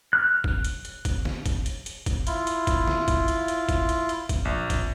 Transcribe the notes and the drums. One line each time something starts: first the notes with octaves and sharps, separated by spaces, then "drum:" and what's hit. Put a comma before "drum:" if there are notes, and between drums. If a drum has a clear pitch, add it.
F6 F#6
drum: kick G#1
drum: hi-hat
drum: hi-hat
drum: kick G#1, hi-hat
drum: snare
drum: kick G#1, hi-hat
drum: hi-hat
drum: hi-hat
drum: kick G#1, hi-hat
E4 F4, drum: hi-hat
drum: hi-hat
drum: kick G#1, hi-hat
drum: snare
drum: kick G#1, hi-hat
drum: hi-hat
drum: hi-hat
drum: kick G#1, hi-hat
drum: hi-hat
drum: hi-hat
drum: kick G#1, hi-hat
A#1
drum: kick G#1, hi-hat